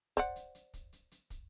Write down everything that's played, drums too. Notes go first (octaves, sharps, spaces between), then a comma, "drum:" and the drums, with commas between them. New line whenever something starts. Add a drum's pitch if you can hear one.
C5 D5 F#5, drum: kick, hi-hat
drum: hi-hat
drum: hi-hat
drum: kick, hi-hat
drum: hi-hat
drum: hi-hat
drum: kick, hi-hat